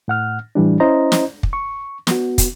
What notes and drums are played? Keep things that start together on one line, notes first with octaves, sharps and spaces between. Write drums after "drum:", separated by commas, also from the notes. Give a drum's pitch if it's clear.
A2 F#5 F6
A2 E3 G3 D4
C#4 E4 C5 D#5 A#5
drum: snare
drum: kick
C#6
B3 F#4, drum: snare
drum: kick, hi-hat